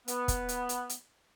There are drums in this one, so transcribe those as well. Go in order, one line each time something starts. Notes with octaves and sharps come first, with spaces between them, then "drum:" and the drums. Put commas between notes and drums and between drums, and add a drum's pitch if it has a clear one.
B3, drum: hi-hat
drum: kick, hi-hat
drum: hi-hat
drum: hi-hat
drum: hi-hat